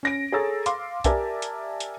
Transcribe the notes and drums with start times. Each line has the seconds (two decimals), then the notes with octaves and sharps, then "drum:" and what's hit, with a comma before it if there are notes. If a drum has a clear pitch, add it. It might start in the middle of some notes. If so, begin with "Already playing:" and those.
0.03 C#4 A#6 D7
0.32 G#4 A4 C#5 A#5 E6 A6
0.66 F5 C6 D6, drum: hi-hat
1.04 G4 A#4 D5 E5 G#5 A5, drum: kick B1, hi-hat
1.42 drum: hi-hat
1.80 drum: hi-hat